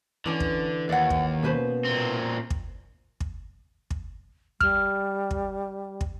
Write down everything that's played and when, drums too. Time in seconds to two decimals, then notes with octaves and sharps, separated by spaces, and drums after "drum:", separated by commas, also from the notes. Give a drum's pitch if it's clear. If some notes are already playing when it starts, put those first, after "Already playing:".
0.26 D3 E3 C#4 D4
0.40 drum: kick
0.89 D#2 D5 F#5
1.10 drum: kick
1.43 B2 A#3 B3 C#4 B4 C5
1.85 A#2 C4
2.50 drum: kick
3.20 drum: kick
3.90 drum: kick
4.61 G3 F6, drum: kick
5.31 drum: kick
6.01 drum: kick